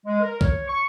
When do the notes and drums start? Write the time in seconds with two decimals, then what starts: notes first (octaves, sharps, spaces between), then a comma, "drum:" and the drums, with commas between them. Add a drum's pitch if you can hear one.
0.06 G#3
0.20 A#4
0.41 C#5, drum: kick B1
0.67 C#6